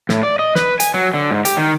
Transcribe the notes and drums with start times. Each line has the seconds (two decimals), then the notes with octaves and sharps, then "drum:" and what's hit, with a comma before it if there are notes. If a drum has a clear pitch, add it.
0.09 A2, drum: snare
0.23 D5
0.39 D#5
0.55 B4, drum: snare
0.80 G#5, drum: hi-hat
0.94 F#3
1.14 D3
1.31 G#2
1.45 G4, drum: hi-hat
1.57 D#3